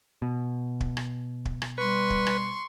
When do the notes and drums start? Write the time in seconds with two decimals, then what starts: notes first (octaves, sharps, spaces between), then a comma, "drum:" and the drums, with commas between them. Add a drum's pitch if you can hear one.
0.22 B2
0.80 drum: kick
0.97 drum: rim click
1.45 drum: kick
1.62 drum: rim click
1.78 G3 B4 C6 C#6
2.10 drum: kick
2.27 drum: rim click